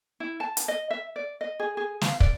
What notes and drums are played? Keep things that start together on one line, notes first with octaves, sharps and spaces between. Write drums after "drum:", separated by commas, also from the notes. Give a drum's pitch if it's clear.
E4
A5
drum: hi-hat
D#5
E5
D5
D#5
G#4
G#4
F5, drum: snare
D5, drum: kick